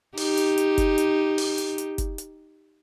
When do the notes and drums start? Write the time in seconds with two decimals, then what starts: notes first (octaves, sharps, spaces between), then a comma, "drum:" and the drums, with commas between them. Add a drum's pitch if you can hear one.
0.17 D#4 G4, drum: open hi-hat
0.37 drum: hi-hat
0.58 drum: hi-hat
0.78 drum: kick F#1, hi-hat
0.98 drum: hi-hat
1.38 drum: open hi-hat
1.58 drum: hi-hat
1.78 drum: hi-hat
1.98 drum: kick F#1, hi-hat
2.18 drum: hi-hat